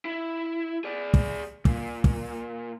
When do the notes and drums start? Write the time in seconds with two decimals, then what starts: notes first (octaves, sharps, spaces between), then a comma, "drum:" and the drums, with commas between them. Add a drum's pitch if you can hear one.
0.05 E4
0.84 G#4 D5
1.14 drum: kick
1.65 A#2, drum: kick
2.04 drum: kick